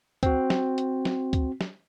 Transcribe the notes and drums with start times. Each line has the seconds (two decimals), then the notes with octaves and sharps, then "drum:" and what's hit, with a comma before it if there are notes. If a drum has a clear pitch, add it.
0.23 C4 F#4, drum: kick C#2, hi-hat
0.50 drum: snare
0.78 drum: hi-hat
1.05 drum: snare
1.33 drum: kick C#2, hi-hat
1.61 drum: snare